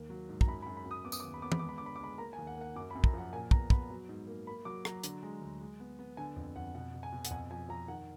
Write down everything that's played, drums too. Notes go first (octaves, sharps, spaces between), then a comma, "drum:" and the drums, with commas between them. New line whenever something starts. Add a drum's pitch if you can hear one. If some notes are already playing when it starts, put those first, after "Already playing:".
Already playing: D#2 A#3
F#3
G#2
A#5, drum: kick
F#2 B5
B5
F#2
B5
F#2
D#6
B3 D6
D#6, drum: tambourine
D6
D#2
B5
B3 D6
B5, drum: tom E3
G#3 D6
B5
D3 D6
B5
D6
G#3 B5
A#3 A#5
G#5
D#2
F#5
A#3 F#5
F#2 D6
B5
F#2
A#5, drum: kick
F3 F#5
A#2 G#5
B3 A#5, drum: kick
B3 B5, drum: kick
F#3
G#2
A#3
A#3 B5
F#3 D6
F#3 A#5, drum: rim click
D3, drum: hi-hat
G#3
D2
G#3
B3
B3
D3 G#5
F2
F2 F#5
B2 F#5
B2
G#5
B2
F#5, drum: hi-hat
F2 G#5
F3 G#5
F3 A#5
D#3 F#5